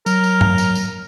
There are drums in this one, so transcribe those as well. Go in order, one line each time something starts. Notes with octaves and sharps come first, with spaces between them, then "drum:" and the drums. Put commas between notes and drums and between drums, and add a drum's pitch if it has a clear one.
F#3 A#4, drum: tambourine
drum: tambourine
drum: tom G2
drum: tambourine
drum: tambourine